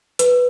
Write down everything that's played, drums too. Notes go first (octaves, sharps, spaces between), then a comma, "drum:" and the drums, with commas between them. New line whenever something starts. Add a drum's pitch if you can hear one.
B4, drum: hi-hat